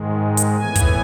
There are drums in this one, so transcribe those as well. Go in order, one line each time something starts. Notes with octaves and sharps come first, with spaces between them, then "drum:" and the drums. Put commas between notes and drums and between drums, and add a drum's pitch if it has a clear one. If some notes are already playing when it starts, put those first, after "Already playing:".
Already playing: G#2 D#3 G#3
drum: hi-hat
A2 E3 B3 G#5
drum: kick, hi-hat